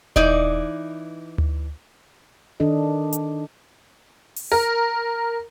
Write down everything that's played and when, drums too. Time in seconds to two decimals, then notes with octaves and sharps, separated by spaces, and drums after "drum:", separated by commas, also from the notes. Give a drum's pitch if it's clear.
0.16 E3 D#4 D5, drum: kick D#1
1.38 drum: tom D2
2.60 D#3 D4 A4 D#5
3.13 drum: hi-hat
4.36 drum: open hi-hat
4.52 A#4